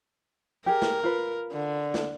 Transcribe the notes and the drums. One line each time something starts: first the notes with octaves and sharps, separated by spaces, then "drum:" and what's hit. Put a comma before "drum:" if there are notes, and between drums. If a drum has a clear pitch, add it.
G4 G#4 A#4
drum: snare
F4 B4
D3
drum: snare